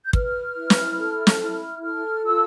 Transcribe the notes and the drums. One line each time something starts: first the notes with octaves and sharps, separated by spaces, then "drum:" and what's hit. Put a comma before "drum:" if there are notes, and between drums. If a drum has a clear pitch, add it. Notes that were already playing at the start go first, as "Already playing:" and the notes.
G6
B4 F6, drum: kick
E4
drum: snare
A4
drum: snare
E4
A4 F6
F4 E6